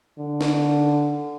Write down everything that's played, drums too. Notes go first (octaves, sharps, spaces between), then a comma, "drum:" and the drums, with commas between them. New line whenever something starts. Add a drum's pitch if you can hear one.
D3
drum: snare